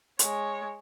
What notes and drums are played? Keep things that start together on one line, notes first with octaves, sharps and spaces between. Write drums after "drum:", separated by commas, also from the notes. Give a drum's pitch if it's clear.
G#3 C#5, drum: hi-hat